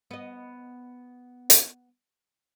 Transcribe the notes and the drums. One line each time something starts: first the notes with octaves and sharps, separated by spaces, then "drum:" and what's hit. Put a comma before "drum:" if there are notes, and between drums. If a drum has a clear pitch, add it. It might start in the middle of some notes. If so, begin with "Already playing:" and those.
B3 D#5
drum: hi-hat